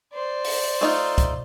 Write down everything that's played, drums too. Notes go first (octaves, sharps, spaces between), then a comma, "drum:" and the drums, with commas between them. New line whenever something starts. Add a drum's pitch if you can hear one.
C5 D5
drum: open hi-hat
A3 D#4 F4
drum: kick, hi-hat